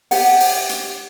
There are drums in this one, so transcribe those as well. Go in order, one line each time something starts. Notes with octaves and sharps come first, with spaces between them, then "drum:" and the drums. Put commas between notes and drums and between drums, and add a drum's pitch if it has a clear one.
G4 F#5, drum: open hi-hat
drum: open hi-hat
drum: hi-hat